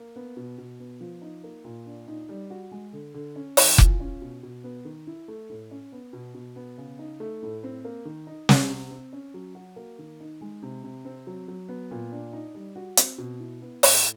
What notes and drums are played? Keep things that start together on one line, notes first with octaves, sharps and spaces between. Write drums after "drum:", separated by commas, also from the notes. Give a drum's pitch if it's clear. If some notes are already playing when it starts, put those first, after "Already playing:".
Already playing: A#3
B3
B2
B2
B3
F3
D#4
A#3
A#2
D4
D#4
G3
F#4
G#3
D3
D3
C#4
E3, drum: open hi-hat
F4, drum: kick F1
C#4
B2
B2
B3
D#3
E4
A3
A2
C#4
B3
B2
B2
B3
C#3
D#4
A3
A2
C4
A#3
D#3
D#4
G3, drum: snare
C3
C4
C#4
F#3
F#4
A#3
D#3
D#4
G#3
C3
C3
C4
F#3
F#3
B3
A#2
D4
D#4
G3
F#4
C4, drum: hi-hat
B2
E4
B3
A2, drum: open hi-hat